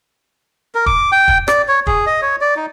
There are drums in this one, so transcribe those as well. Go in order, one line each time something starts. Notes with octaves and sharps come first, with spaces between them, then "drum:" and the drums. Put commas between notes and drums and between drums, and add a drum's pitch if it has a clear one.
A#4
D6, drum: kick
G5
drum: kick
D5, drum: rim click
C#5
G#4, drum: kick
D#5
C#5
D5
D#4